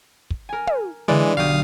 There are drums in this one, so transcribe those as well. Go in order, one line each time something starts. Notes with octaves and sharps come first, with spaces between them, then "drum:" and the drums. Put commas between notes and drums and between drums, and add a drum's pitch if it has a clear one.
drum: kick
A#4 G#5
drum: tom
D3 E3 G#3 B4 D5
B1 F#3 G4 F5 D#6